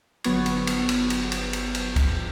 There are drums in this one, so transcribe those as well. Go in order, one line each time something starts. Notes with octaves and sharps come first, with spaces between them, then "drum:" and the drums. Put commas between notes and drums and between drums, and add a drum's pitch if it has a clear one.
G1 F#3 B3 C#6 G#6, drum: cymbal
drum: cymbal
drum: cymbal
drum: cymbal
drum: cymbal
drum: cymbal
drum: cymbal
drum: cymbal
drum: kick, cymbal